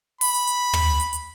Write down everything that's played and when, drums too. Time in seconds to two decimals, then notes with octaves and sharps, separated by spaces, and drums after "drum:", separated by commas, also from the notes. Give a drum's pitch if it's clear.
0.21 B5, drum: open hi-hat
0.34 drum: hi-hat
0.47 drum: hi-hat
0.73 drum: tom
1.00 drum: hi-hat
1.13 drum: hi-hat